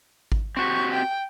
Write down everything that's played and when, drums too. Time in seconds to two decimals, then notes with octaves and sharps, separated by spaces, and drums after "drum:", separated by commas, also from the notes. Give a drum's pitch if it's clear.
0.32 drum: kick G#1
0.57 C4 F#4 G4 C#6
0.92 G5